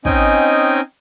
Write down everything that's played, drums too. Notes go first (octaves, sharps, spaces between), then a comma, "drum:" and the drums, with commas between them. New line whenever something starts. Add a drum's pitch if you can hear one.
C4 C#4 D#4 D#5 G5 G#5, drum: kick